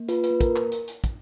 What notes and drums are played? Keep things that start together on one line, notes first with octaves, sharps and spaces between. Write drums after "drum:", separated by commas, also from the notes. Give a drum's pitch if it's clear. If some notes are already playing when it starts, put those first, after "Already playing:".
Already playing: A#3
F4 B4, drum: hi-hat
B4, drum: hi-hat
A#3
A#4, drum: kick, hi-hat
drum: clap
drum: hi-hat
drum: hi-hat
drum: kick, hi-hat